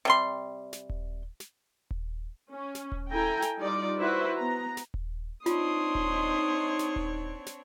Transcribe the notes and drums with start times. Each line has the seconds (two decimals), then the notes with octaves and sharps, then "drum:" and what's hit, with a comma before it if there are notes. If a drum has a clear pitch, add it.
0.05 C3 G3 C6
0.73 drum: snare
0.89 drum: kick D#1
1.40 drum: snare
1.91 drum: kick D#1
2.51 C#4
2.75 drum: snare
2.92 drum: kick D#1
3.10 E4 A4 G5 G#5 A#5
3.42 drum: snare
3.58 G3 D#4 F4 D5
3.99 E4 F#4 B4 C5 E5
4.37 B3 A#5
4.77 drum: snare
4.94 drum: kick D#1
5.46 C4 D4 D#4 F4 C#5 C6 D#6, drum: snare
5.95 drum: kick D#1
6.79 drum: snare
6.96 drum: kick D#1
7.47 drum: snare